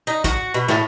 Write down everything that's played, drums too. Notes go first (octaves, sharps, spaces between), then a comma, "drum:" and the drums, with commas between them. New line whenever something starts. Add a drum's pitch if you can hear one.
D#4
F#4, drum: kick, hi-hat
B2
A2, drum: snare